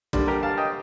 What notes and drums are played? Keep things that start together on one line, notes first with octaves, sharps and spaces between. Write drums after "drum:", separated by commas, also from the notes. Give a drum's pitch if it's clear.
D3 G3 A#3 D4, drum: kick
G4 A#4
F5 A5
D#5 G5